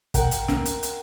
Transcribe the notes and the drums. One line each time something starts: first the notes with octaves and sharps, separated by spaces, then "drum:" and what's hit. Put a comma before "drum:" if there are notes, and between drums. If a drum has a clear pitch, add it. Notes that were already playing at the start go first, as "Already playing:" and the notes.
A#4 F#5 G5, drum: kick, hi-hat
drum: hi-hat
drum: snare
drum: hi-hat
drum: hi-hat